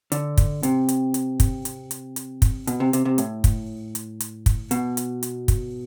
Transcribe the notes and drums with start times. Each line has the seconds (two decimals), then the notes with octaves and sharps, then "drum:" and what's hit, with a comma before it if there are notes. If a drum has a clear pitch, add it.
0.12 D3, drum: hi-hat
0.37 drum: kick, hi-hat
0.63 C3, drum: hi-hat
0.89 drum: hi-hat
1.14 drum: hi-hat
1.40 drum: kick, hi-hat
1.65 drum: hi-hat
1.91 drum: hi-hat
2.16 drum: hi-hat
2.42 drum: kick, hi-hat
2.67 B2, drum: hi-hat
2.80 C3
2.93 C3, drum: hi-hat
3.05 C3
3.18 A2, drum: hi-hat
3.44 drum: kick, hi-hat
3.95 drum: hi-hat
4.20 drum: hi-hat
4.46 drum: kick, hi-hat
4.71 B2, drum: hi-hat
4.97 drum: hi-hat
5.23 drum: hi-hat
5.48 drum: kick, hi-hat